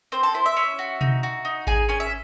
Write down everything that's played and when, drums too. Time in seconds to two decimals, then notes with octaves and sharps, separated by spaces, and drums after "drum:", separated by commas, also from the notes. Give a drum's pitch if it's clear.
0.12 C4 C5
0.23 A4
0.34 E4 C5
0.46 E5
0.57 C#4
0.79 F#4
1.01 D#4, drum: tom B2
1.23 F#4
1.45 D#4
1.67 G#4 G#5, drum: kick G#1
1.89 C#4 G#5
2.00 E5